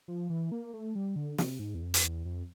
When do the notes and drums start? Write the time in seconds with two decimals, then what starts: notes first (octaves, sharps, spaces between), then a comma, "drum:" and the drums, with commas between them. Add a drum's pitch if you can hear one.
0.08 F3
0.30 E3
0.52 A#3
0.74 A3
0.95 G3
1.16 D3
1.38 C3, drum: snare
1.59 G#2
1.75 E2
1.82 F2
1.94 drum: hi-hat
2.03 E2
2.25 F2